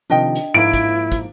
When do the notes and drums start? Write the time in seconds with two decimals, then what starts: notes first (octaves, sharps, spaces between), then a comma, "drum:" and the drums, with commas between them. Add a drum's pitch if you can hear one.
0.10 C3 D#3 F3 D4 D#5 G5
0.35 drum: hi-hat
0.54 G#2 F3 A#3 E4 D7
0.74 drum: kick, hi-hat
1.12 drum: kick, hi-hat